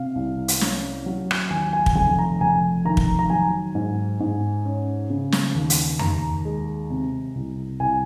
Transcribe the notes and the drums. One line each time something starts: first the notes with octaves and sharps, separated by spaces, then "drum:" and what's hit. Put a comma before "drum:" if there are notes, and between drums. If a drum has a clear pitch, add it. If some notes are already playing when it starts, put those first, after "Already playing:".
Already playing: C3 F5
C2
drum: hi-hat
C#4, drum: snare
F#3
drum: rim click
D#2 G#5
G#5
drum: kick
F1 G#5
A#5
F1 G#5
D#3 A#5
drum: kick
A#5
F#3 G#5
G#2
G#2
C#4
C#3
drum: snare
D#2
drum: hi-hat
D#2 A#5, drum: tom F2
G#3
C3
C2
C2 G#5